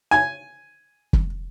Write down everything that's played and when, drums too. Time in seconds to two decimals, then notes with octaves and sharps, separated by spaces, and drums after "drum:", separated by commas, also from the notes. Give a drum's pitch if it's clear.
0.11 G#5
1.13 drum: kick